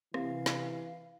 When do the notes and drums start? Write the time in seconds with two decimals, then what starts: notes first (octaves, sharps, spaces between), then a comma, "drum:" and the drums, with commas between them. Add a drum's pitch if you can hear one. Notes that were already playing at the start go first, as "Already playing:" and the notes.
0.14 C3 E3 F5, drum: rim click
0.46 drum: snare